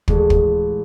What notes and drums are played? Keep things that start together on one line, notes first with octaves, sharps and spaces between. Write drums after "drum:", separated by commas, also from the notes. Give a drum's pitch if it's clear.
A1 G#3, drum: kick
drum: kick